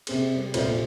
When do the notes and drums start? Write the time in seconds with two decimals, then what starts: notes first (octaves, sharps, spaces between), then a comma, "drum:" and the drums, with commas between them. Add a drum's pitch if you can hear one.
0.07 C3 C4 G#4, drum: cymbal
0.35 G3
0.54 D#1 C3 F4 A4 C5 D5, drum: cymbal
0.67 A#1